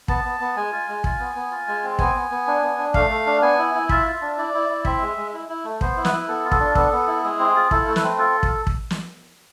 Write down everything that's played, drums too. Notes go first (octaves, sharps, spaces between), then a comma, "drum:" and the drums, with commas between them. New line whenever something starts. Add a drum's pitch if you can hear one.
B3 A5, drum: kick
B3
B3
G#3 G#5
F4
G#3
F4, drum: kick
B3
B3
F4
G#3
C4
B3 G#5, drum: kick
B3
B3
D4
B3
D4
A3 F5, drum: kick
A3
D4
B3 G#5
E4
E4
F4 E5, drum: kick
F4
D4
E4 D5
E4
E4
C4 E5, drum: kick
G#3
G#3
E4
E4
A3
B3 C5, drum: kick
E4
B4, drum: snare
E4
B3 A4
F4
A4, drum: kick
D4
B3 A4, drum: kick
B3
E4
G#3 G#4
C4
F4
E4 A4, drum: kick
A3
B4, drum: snare
C4
F4 A4
drum: kick
drum: kick
drum: snare